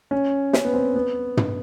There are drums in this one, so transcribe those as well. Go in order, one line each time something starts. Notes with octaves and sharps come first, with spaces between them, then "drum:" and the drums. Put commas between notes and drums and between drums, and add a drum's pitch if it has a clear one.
C#4
C#4, drum: snare
B3
C4
B3
drum: tom